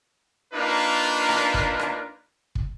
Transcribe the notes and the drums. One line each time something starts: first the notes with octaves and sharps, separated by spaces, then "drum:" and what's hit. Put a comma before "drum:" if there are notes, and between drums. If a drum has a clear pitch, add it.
A#3 D4 D#4 F4 A#4 B4
drum: rim click
drum: kick
drum: rim click
drum: kick